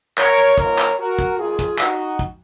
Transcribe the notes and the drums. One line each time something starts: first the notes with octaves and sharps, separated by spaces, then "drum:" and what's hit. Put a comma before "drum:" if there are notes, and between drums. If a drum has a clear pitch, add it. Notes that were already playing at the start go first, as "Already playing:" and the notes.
A#4 C#5, drum: clap
G#2 F3 G#3 B3 A#4 C#5, drum: kick
drum: clap
F#4 A#4
drum: kick
F2 D#3 A#3 F4 G#4
drum: kick, hi-hat
D#4 F#4, drum: clap
drum: kick